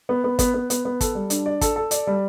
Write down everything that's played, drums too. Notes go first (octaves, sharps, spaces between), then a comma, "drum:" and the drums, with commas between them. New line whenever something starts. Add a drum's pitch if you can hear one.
B3
B3
B3, drum: kick, hi-hat
B3
B3, drum: hi-hat
B3
A4, drum: kick, hi-hat
G3
D4, drum: hi-hat
D5
A4, drum: kick, hi-hat
A4
D5, drum: hi-hat
G3